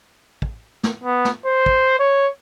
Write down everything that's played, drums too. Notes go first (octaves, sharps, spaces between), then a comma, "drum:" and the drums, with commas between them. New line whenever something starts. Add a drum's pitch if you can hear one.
drum: kick
drum: snare
B3
drum: snare
C5
drum: kick
C#5